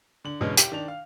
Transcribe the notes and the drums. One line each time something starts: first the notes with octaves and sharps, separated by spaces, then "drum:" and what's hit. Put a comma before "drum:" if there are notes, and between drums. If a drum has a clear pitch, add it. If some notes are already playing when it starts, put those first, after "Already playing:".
D3 F#7
E2 B2 D3 G#3 C#4 F6
G4, drum: hi-hat
D#3 D4 F7
F5